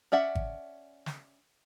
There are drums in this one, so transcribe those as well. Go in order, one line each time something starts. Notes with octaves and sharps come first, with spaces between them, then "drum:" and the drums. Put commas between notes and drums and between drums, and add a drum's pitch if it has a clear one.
C#4 D5 E5 F#5
drum: kick G#1
drum: snare